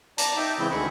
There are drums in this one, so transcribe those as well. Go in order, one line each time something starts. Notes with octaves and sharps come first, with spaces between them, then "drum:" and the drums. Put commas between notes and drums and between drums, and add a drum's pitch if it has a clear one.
D5 A5 A#5, drum: hi-hat
D#4 E5 G5
C#3 E3 G#3 C4 E4 G6
D2 D#3 G#4 B5 C#6